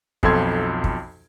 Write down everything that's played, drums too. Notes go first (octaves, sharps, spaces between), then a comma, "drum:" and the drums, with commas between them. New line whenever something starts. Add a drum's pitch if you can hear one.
B1 F2 F4 A4 C6 G#6, drum: kick
drum: kick